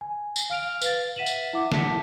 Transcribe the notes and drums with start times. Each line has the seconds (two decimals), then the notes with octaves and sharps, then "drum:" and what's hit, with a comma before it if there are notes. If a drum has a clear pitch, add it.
0.01 G#5
0.36 drum: tambourine
0.50 F5 F6 D7 F7
0.81 B4 F5 A6, drum: tambourine
1.16 E5 F#5 B6 D#7 E7 F#7
1.26 drum: tambourine
1.53 E4 E5 F#5 D6
1.72 A5 B6 C#7, drum: snare